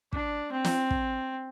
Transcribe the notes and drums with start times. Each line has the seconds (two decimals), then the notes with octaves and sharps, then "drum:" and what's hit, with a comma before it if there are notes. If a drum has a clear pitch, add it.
0.13 D4, drum: kick
0.52 C4
0.65 drum: snare
0.91 drum: kick